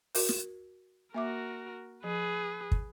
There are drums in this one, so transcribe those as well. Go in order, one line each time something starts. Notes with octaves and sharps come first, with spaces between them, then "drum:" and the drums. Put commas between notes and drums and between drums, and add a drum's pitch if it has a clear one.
F#4 A#4, drum: open hi-hat
drum: snare
A#3 F#4 A#4 E5 D6
F3 G#4 B4
drum: kick